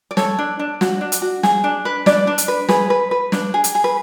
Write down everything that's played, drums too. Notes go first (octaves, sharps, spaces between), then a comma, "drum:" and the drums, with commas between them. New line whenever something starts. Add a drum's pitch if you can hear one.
D5
A4 C#5, drum: snare
D4
D4
F#4, drum: snare
D4
drum: hi-hat
F#4
G#4, drum: snare
D4
B4
D4 D5, drum: snare
D4
drum: hi-hat
B4
G#4 B4, drum: snare
B4
B4
D4, drum: snare
G#4
drum: hi-hat
G#4
B4